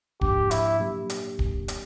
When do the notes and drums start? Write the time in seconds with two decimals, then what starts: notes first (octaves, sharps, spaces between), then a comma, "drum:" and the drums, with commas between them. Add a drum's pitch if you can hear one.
0.21 G#2 F3 A#3 D4 G4, drum: kick
0.51 E4, drum: hi-hat
0.80 A#2 F#3 A#3 D4 G4
1.10 drum: hi-hat
1.39 drum: kick
1.68 drum: hi-hat